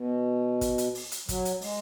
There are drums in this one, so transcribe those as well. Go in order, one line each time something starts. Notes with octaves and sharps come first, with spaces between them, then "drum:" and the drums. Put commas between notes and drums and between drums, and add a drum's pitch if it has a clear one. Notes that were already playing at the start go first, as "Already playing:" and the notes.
Already playing: B2
drum: kick, hi-hat
drum: hi-hat
drum: open hi-hat
drum: hi-hat
F#3, drum: kick, hi-hat
drum: hi-hat
G#3, drum: open hi-hat